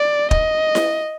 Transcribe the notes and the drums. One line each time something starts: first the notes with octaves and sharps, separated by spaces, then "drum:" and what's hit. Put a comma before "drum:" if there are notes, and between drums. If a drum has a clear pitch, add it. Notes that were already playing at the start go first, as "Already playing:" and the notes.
Already playing: D5
D#5, drum: kick
drum: snare E4